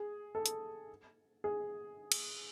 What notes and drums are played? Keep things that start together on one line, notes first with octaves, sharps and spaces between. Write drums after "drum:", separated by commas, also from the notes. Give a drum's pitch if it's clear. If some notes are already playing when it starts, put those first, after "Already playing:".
Already playing: G#4
A4
drum: hi-hat
G#4
drum: cymbal